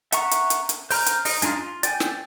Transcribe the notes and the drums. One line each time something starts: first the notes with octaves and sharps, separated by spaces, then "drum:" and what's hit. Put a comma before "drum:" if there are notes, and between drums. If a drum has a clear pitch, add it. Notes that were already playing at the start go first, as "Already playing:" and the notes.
E5 F#5 A5 A#5 C#6, drum: hi-hat
drum: hi-hat
drum: hi-hat
drum: hi-hat
C5 A#5 F6, drum: open hi-hat
drum: hi-hat
D#4, drum: open hi-hat
G#3 D4 D#4 F4, drum: hi-hat
F4
D5 G5 G#5, drum: hi-hat
drum: snare